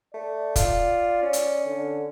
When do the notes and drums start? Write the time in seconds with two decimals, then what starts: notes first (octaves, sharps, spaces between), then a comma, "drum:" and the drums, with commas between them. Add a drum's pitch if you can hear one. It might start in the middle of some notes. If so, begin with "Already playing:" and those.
0.14 A3 D5
0.56 F4, drum: kick, hi-hat
1.22 C#4
1.33 drum: hi-hat
1.66 D3